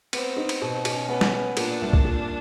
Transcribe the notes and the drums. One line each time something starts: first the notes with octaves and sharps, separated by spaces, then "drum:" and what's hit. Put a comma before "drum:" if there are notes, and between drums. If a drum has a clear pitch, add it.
B3 C4, drum: cymbal
D#4
drum: cymbal
B2
B2 C#4, drum: cymbal
B3
drum: snare
B3
A#2 D4, drum: cymbal
C2
drum: kick C2
A#2